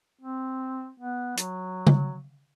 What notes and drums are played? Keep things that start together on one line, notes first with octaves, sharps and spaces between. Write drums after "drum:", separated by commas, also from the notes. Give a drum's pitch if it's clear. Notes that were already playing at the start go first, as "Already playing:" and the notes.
C4
B3
F#3, drum: hi-hat
drum: tom